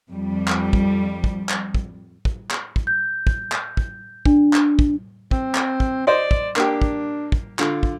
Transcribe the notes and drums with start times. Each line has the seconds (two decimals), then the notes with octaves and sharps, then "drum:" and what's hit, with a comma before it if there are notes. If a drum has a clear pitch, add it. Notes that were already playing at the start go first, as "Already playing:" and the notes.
0.11 F2 G3
0.48 drum: clap
0.73 drum: kick
1.24 drum: kick
1.49 drum: clap
1.75 drum: kick
2.25 drum: kick
2.51 drum: clap
2.76 drum: kick
2.87 G6
3.27 drum: kick
3.52 drum: clap
3.77 drum: kick
4.25 D4, drum: kick
4.53 drum: clap
4.79 drum: kick
5.31 C4, drum: kick
5.55 drum: clap
5.80 drum: kick
6.07 C5 D5 D#5 C6
6.31 drum: kick
6.56 A#3 D4 G4, drum: clap
6.82 drum: kick
7.32 drum: kick
7.59 D3 F4, drum: clap
7.83 drum: kick